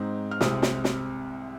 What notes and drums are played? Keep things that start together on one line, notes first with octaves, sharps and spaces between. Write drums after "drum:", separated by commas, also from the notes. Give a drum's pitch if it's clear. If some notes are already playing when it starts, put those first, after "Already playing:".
Already playing: G#2 G#3 C4 D#4
F6
C2 C3 G#3 C4 D#6, drum: snare
drum: snare
drum: snare